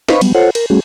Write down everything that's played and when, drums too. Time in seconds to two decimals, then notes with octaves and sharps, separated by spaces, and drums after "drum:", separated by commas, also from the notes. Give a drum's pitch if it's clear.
0.09 B4 C5 D#5 F5 B5 C#6, drum: snare
0.21 F#3 G3 B3, drum: cymbal
0.35 F4 A4 C5 C#5 F#5
0.55 A#4, drum: cymbal
0.70 G3 A3 C#4 F#4 G#4